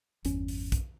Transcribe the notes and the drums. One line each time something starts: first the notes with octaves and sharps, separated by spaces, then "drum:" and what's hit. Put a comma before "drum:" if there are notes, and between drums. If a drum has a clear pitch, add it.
G1 E2 C#4, drum: hi-hat
drum: open hi-hat
drum: kick, hi-hat